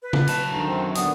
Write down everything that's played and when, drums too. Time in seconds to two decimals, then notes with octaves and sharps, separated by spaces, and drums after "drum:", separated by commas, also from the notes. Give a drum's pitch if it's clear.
0.02 B4
0.13 drum: tom C#3
0.27 F#3 A5, drum: hi-hat
0.52 D3 D#3 A#5
0.65 F#2 C4
0.95 A#2 D3 D#3 B3 D#6, drum: hi-hat